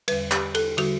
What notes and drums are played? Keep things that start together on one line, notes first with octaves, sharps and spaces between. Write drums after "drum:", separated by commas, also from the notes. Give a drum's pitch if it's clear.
E2 D3 G3 B4, drum: cymbal
G4, drum: clap
A4, drum: cymbal
D3 G3 F#4, drum: cymbal